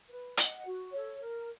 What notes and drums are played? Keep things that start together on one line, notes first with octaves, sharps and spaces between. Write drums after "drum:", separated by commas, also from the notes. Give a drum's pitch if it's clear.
B4
D#5 F#5, drum: hi-hat
F#4
A4 C#5
A#4